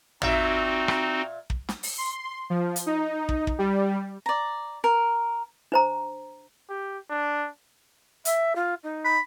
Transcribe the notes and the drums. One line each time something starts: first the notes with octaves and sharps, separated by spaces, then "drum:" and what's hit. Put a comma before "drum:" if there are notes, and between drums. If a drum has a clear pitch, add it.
A#2 C4 D#4 F#4 E5, drum: tom
drum: rim click
drum: kick
drum: snare
drum: open hi-hat
C6
F3
drum: hi-hat
D#4
drum: kick
drum: kick
G3
D5 A#5
A#4
D4 C5 A#5
G4
D4
E5, drum: hi-hat
F4
D#4
B5